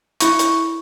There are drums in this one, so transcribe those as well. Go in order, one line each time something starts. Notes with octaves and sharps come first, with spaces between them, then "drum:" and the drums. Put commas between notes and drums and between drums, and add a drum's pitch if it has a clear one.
E4 C#6, drum: hi-hat
drum: hi-hat